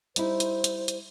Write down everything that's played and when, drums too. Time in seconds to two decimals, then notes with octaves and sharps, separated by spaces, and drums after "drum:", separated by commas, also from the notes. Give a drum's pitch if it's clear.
0.16 G3 D#4 E4 C5, drum: hi-hat
0.40 drum: hi-hat
0.64 drum: hi-hat
0.88 drum: hi-hat